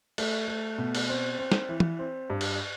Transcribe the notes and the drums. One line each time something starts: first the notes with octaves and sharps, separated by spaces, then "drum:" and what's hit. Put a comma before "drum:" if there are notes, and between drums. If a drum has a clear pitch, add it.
A3, drum: cymbal
A3
B2
drum: cymbal
C4
C4
drum: snare
E3
drum: tom
C4
G2
drum: cymbal